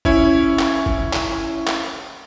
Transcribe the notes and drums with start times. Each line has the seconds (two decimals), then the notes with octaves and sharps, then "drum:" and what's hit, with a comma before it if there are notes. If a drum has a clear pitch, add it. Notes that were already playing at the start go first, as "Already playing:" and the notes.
0.05 C#4 E4 C#5, drum: kick F#1
0.59 drum: clap
0.86 drum: kick F#1
1.13 drum: clap
1.67 drum: clap